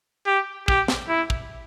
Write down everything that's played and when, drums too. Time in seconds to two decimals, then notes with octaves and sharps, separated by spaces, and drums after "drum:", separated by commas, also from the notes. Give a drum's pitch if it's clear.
0.27 G4
0.68 G4, drum: kick
0.88 drum: snare
1.09 E4
1.30 drum: kick